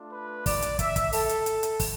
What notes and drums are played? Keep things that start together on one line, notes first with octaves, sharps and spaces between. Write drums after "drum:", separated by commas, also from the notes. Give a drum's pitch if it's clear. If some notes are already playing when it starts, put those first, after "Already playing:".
Already playing: A3 D4 F4
B4
D5, drum: kick, open hi-hat
drum: hi-hat
E5, drum: kick, hi-hat
drum: kick, hi-hat
A4, drum: open hi-hat
drum: hi-hat
drum: hi-hat
drum: hi-hat
drum: kick, open hi-hat